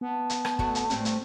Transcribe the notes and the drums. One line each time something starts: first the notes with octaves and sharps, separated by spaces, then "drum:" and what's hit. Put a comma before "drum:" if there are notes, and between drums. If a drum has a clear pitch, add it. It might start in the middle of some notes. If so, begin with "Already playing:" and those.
B3 A5
drum: hi-hat
drum: rim click
A3 D4 F#4, drum: kick
drum: hi-hat
A2 G3 A3 C4, drum: hi-hat
drum: hi-hat